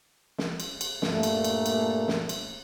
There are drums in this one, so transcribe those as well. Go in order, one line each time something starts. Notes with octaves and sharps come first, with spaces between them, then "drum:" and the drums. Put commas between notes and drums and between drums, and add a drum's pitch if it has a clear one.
drum: snare
drum: cymbal
drum: cymbal
G2 A#2 A3 A#3, drum: snare
drum: cymbal
drum: cymbal
drum: cymbal
drum: snare
drum: cymbal